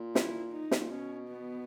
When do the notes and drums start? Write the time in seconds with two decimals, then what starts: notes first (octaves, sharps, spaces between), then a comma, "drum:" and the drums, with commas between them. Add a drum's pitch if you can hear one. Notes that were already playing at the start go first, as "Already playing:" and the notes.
Already playing: A#2
0.15 E4, drum: snare
0.52 D#4
0.71 drum: snare
0.81 A#2
0.90 B2 C#4
1.29 B3